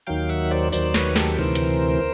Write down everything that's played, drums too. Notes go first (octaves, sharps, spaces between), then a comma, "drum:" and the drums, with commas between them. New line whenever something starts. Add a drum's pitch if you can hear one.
D#2 D#3 F#3 F5 G5
E5 F#5
C5 D5
D#2 D#3 F#3 C5 D5, drum: tambourine
B4 C#5, drum: snare
G4 A4, drum: snare
D2 C3 E3 A#4 C5
drum: hi-hat